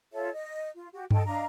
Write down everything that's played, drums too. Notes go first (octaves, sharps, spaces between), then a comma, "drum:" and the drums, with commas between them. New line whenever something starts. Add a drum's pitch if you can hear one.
F4 A4 C#5 E5
D#5
F4
F#4 G4
A4 D#5 G5 A5, drum: tom G2
D4 D#5 F5 A#5